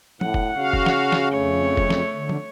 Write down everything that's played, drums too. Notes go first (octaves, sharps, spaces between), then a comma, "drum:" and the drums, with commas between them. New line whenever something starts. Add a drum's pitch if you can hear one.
A2 F#5, drum: tom
drum: kick
C#3 F#4 F5
drum: kick
drum: snare
drum: snare
F2 A3 C#5
drum: kick
drum: snare
D3
drum: tom